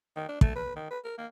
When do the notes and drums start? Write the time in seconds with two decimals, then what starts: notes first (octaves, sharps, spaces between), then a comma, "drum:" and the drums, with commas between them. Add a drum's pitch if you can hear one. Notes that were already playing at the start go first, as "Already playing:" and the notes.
0.16 D#3
0.28 D4
0.41 A3, drum: kick
0.55 B4
0.76 D#3
0.90 B4
1.04 A#4
1.18 A#3